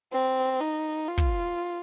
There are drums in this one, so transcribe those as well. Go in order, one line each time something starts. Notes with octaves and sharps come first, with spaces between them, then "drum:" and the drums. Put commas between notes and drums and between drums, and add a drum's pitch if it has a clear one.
C4
D#4
F4
drum: kick